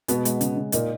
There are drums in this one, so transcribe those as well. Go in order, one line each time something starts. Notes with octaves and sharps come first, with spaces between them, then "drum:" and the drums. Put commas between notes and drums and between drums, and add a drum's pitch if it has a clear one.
B2 G#3 B3, drum: hi-hat
G#3, drum: hi-hat
C#3, drum: hi-hat
C#3
A#2 A#3 D#4, drum: hi-hat